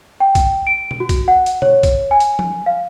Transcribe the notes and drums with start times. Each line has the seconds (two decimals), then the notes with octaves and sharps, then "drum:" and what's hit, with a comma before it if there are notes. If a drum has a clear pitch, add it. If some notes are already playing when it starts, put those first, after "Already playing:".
0.20 G5
0.35 drum: kick A#1, hi-hat
0.67 D7
0.91 drum: tom B2
1.00 F#4
1.09 drum: kick A#1, hi-hat
1.28 F#5
1.46 drum: hi-hat
1.62 C#5, drum: tom B2
1.83 drum: kick A#1, hi-hat
2.11 G#5
2.20 drum: hi-hat
2.39 drum: tom F3
2.66 F5